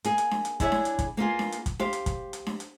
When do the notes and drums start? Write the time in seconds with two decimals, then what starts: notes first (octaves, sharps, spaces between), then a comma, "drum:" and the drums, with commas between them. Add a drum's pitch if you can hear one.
0.04 A#3 G#4, drum: hi-hat
0.18 drum: hi-hat
0.31 drum: snare D4
0.45 drum: hi-hat
0.60 D4 E4 G#4 C#5 D5 E5, drum: kick, hi-hat
0.72 drum: snare D4
0.85 drum: hi-hat
0.99 drum: kick, hi-hat
1.17 A#3 B3 F4 G#4
1.39 drum: snare D4
1.52 drum: hi-hat
1.66 drum: kick, hi-hat
1.79 G4 C5 F5, drum: snare D4
1.93 drum: hi-hat
2.06 drum: kick, hi-hat
2.33 drum: hi-hat
2.46 drum: snare D4
2.60 drum: hi-hat